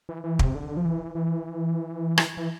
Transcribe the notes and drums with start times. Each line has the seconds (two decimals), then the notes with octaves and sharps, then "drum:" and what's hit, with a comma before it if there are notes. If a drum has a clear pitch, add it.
0.09 E3
0.24 E3
0.39 C3, drum: kick
0.55 D3
0.77 F3
0.85 E3
1.15 E3
2.18 drum: rim click
2.37 E3